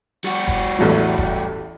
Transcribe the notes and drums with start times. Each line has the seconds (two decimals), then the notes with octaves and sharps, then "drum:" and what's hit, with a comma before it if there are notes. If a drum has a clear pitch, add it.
0.24 G3 F#4
0.48 drum: kick E1
0.79 A1 E2 F#3
1.18 drum: kick E1